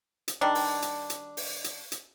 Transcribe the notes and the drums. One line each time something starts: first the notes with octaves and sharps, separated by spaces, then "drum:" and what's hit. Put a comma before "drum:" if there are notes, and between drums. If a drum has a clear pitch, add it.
drum: hi-hat
D#3 G3 D4
drum: open hi-hat
drum: hi-hat
drum: hi-hat
drum: open hi-hat
drum: hi-hat
drum: hi-hat